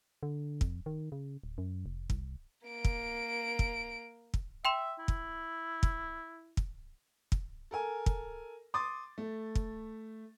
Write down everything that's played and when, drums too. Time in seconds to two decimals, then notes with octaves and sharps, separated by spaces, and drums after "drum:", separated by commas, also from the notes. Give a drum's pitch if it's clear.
0.23 D3
0.61 F2, drum: kick
0.86 D#3
1.12 C#3
1.44 D1
1.58 F#2
1.86 F1
2.10 C2, drum: kick
2.67 A#3 D7
2.85 drum: kick
3.59 drum: kick
4.34 drum: kick
4.65 E5 G5 C6 E7
4.99 E4
5.08 drum: kick
5.83 drum: kick
6.57 drum: kick
7.32 drum: kick
7.71 A4 A#4 G#5
8.06 drum: kick
8.74 C6 D6 D#6 A6
9.18 A3
9.55 drum: kick